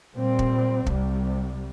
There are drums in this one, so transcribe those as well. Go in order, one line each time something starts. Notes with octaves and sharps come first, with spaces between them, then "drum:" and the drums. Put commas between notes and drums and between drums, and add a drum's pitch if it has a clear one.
A#2 G3 C4
drum: kick
C2 C3 G3, drum: kick